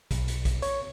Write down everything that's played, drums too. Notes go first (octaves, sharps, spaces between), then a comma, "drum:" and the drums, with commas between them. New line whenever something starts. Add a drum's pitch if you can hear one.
B1, drum: kick, hi-hat
drum: hi-hat
drum: kick, hi-hat
C#5, drum: hi-hat